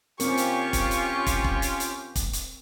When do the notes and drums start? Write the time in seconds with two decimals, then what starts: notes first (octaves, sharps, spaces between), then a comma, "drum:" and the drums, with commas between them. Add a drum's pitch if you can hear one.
0.20 C4 C#4 F4 G4 A#4 C#6, drum: hi-hat
0.38 drum: hi-hat
0.73 drum: kick, hi-hat
0.91 drum: hi-hat
1.27 drum: kick, hi-hat
1.44 drum: kick
1.62 drum: hi-hat
1.80 drum: hi-hat
2.16 drum: kick, hi-hat
2.33 drum: hi-hat